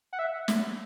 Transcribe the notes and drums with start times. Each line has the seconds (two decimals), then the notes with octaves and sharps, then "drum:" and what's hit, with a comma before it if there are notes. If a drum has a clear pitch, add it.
0.13 F#5
0.19 E5
0.48 drum: snare